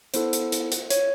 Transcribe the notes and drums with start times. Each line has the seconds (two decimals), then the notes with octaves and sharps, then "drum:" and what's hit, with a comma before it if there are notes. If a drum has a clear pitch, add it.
0.14 B3 E4 A4 C5, drum: hi-hat
0.33 drum: hi-hat
0.52 drum: hi-hat
0.72 drum: hi-hat
0.90 C#5, drum: hi-hat